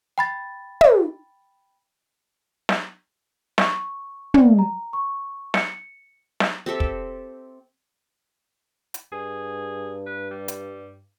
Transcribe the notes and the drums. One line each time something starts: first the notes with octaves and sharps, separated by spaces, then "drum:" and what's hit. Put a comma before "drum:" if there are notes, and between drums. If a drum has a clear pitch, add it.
G5 B5 A6
drum: tom
drum: snare
C#6, drum: snare
D5, drum: tom
A#5
C#6
C#7, drum: snare
drum: snare
C4 G4 A4 E5
drum: kick
drum: hi-hat
G2 G#4
B4
G3
drum: hi-hat